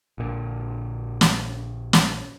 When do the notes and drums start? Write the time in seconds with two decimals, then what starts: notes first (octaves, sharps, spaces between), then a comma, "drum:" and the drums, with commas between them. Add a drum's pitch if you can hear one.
0.18 A#1 A#2 D3
1.21 drum: snare
1.93 drum: snare